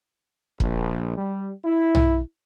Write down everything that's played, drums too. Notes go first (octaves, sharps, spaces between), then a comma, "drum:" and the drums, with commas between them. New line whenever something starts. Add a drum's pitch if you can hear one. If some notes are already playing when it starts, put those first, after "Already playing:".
A#1, drum: kick
G3
E4
drum: tom